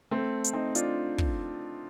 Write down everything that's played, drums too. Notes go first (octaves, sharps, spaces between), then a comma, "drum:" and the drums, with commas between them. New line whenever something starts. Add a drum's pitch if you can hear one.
A3 C4
drum: hi-hat
C4 D#4
D4 F4, drum: hi-hat
drum: kick